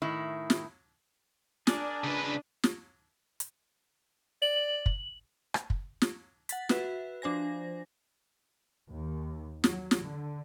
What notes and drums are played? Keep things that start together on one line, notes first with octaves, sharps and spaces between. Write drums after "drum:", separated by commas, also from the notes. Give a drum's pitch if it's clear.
A2 D#3 E4
drum: snare
D4 G#4 A#4 D5, drum: snare
C#3 B4
drum: snare
drum: hi-hat
D5 F#7
drum: kick
drum: rim click
drum: kick
drum: snare
F#5 A6 B6, drum: hi-hat
F#4 B4 E5, drum: snare
F3 D4 C5 G#5 A#6
D#2
F#3, drum: snare
drum: snare
D3